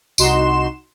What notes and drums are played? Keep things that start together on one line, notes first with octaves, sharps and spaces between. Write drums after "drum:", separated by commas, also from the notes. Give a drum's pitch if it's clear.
C2 D#4 F#4 C6 E7, drum: tambourine